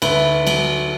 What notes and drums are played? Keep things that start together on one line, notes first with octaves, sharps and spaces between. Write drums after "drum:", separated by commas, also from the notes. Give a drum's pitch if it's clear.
D2 B4 E5, drum: cymbal
F#3, drum: cymbal